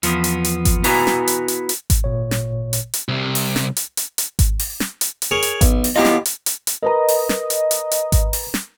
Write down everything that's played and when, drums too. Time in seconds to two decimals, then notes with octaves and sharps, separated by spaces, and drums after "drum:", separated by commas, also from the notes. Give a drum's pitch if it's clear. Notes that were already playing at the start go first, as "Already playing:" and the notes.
0.03 E2 F3 B3, drum: hi-hat
0.24 drum: hi-hat
0.45 drum: hi-hat
0.65 drum: kick G#1, hi-hat
0.84 B3 E4 F#4 B4 G#5 A#5, drum: open hi-hat
1.07 drum: snare
1.28 drum: hi-hat
1.48 drum: hi-hat
1.69 drum: hi-hat
1.90 drum: kick G#1, hi-hat
2.04 G#1 A#2 C#5
2.31 drum: snare
2.73 drum: hi-hat
2.94 drum: hi-hat
3.09 C2 C3
3.35 drum: open hi-hat
3.56 drum: snare
3.77 drum: hi-hat
3.97 drum: hi-hat
4.18 drum: hi-hat
4.39 drum: kick G#1, hi-hat
4.59 drum: open hi-hat
4.80 drum: snare
5.01 drum: hi-hat
5.22 drum: hi-hat
5.31 G#4 A#4 C#5
5.42 drum: hi-hat
5.61 B1, drum: kick G#1, hi-hat
5.84 drum: open hi-hat
5.96 B3 E4 F4 G4 D#5
6.05 drum: snare
6.25 drum: hi-hat
6.46 drum: hi-hat
6.67 drum: hi-hat
6.82 A#4 B4 D#5 A#5
7.08 drum: open hi-hat
7.29 drum: snare
7.50 drum: hi-hat
7.71 drum: hi-hat
7.91 drum: hi-hat
8.12 drum: kick G#1, hi-hat
8.33 drum: open hi-hat
8.54 drum: snare